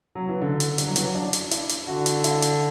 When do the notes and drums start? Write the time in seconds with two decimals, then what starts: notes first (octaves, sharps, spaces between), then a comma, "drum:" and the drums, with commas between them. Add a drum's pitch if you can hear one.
0.15 F#3
0.29 E3
0.41 D3
0.60 drum: hi-hat
0.78 G3, drum: hi-hat
0.87 F#3
0.96 E3, drum: hi-hat
1.04 F#3
1.15 D4
1.33 drum: hi-hat
1.51 E4, drum: hi-hat
1.69 drum: hi-hat
1.87 D3 F#4
2.06 drum: hi-hat
2.24 E4, drum: hi-hat
2.42 drum: hi-hat